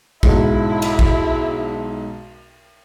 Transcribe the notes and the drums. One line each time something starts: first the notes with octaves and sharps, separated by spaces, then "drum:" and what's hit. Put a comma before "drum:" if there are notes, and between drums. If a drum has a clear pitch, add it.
B1 G#2 E4, drum: kick
drum: cymbal
drum: kick